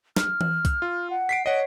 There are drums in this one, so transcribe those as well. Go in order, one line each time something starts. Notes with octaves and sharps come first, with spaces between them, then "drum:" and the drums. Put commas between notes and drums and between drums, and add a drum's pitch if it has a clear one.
F6, drum: snare
drum: tom E3
drum: kick, hi-hat
F4
F#5
B6 C7 D7
C#5 D#5 F#5